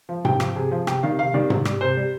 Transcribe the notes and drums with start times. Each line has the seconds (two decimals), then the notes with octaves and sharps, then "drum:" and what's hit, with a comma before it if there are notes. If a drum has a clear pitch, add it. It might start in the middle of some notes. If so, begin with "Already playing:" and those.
0.09 F3
0.25 C3 G5, drum: tom G#2
0.40 F3, drum: rim click
0.56 C3 G#4
0.71 F3
0.87 C3 G5, drum: rim click
1.03 D#3 G3 F5
1.19 C3 F5
1.34 D#3 G3 D5
1.50 C3, drum: tom G#2
1.65 G3, drum: rim click
1.81 C3 C5
1.97 G3